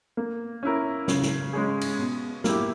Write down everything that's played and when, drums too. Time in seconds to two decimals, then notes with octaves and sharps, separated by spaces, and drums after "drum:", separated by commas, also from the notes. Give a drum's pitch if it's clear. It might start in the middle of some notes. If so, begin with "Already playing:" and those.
0.17 A#3
0.63 C#4 E4 A#4
1.08 C#3, drum: snare
1.23 drum: snare
1.53 G#3 C#4 G#4
1.81 drum: cymbal
1.99 B2
2.44 A#3 E4 G4, drum: snare